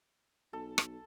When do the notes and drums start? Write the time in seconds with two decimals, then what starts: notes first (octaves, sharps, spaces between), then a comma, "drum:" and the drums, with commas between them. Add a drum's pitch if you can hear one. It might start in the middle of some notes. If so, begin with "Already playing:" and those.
0.53 B1 A4
0.78 drum: rim click